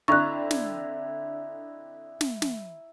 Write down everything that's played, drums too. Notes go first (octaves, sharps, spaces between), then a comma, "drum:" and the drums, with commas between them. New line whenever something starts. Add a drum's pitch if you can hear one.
D3 C4 D4 E4 D#5 A#5 C#6 F#6
drum: snare
drum: snare
drum: snare